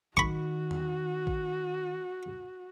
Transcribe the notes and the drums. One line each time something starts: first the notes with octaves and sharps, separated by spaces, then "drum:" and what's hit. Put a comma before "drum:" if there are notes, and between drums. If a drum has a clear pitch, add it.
D#3 F#4 B5 C#6, drum: kick
drum: tom E2
drum: kick